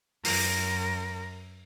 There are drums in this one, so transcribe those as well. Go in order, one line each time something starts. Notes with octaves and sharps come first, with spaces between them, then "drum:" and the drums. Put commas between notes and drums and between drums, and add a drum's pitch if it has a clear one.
F#2 A#4, drum: open hi-hat